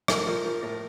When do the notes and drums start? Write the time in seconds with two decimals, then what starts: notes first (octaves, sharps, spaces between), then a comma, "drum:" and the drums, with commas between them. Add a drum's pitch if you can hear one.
0.08 A2 A#4, drum: rim click
0.26 F3 A#4
0.45 F3 A#4
0.62 A2 A#4